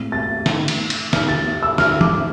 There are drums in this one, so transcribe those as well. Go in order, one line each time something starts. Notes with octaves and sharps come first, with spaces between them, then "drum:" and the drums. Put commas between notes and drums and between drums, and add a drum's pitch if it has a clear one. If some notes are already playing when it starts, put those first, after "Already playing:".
Already playing: A2 G#3 C4
A6
drum: snare
drum: cymbal
drum: cymbal
F6, drum: snare
A6
E6
F6, drum: snare
D6, drum: tom